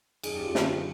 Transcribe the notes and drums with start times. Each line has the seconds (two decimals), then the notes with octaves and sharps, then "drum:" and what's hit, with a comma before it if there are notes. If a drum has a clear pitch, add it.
0.23 F#2 G#4, drum: cymbal
0.34 G4
0.39 F#2 F4
0.55 D3 F4, drum: snare
0.70 F#3 F4